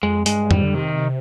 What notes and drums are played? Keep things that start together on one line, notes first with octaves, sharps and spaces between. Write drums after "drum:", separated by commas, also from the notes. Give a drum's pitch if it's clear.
F2 G#3
G2 G#3, drum: hi-hat
G#2 G3, drum: tom F2
D3
C3 D#3